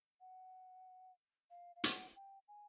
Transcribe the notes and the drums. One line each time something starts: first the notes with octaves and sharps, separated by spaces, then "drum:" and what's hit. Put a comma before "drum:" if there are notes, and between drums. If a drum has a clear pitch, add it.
F#5
F5
F5
F#5, drum: hi-hat
G5
G#5